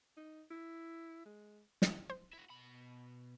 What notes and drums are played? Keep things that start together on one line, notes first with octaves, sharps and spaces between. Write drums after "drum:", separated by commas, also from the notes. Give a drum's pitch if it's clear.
D#4
E4
G#3
drum: snare
C5
E4 F#4
B2 B5